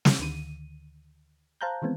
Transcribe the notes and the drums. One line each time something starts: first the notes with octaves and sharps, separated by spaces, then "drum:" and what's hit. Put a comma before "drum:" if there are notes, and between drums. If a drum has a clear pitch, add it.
drum: snare
D2 D3 D#3 D#7
C5 F5 A5 A#5 F#6 G6
D#3 E3 G#3 B3 C4